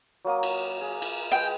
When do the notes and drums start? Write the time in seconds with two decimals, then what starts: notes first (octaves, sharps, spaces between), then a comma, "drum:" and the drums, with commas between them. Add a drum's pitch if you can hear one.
0.25 F#3 A#3 D#6
0.43 drum: cymbal
0.81 G#4
1.02 drum: cymbal
1.32 G#3 G#4 B4 G5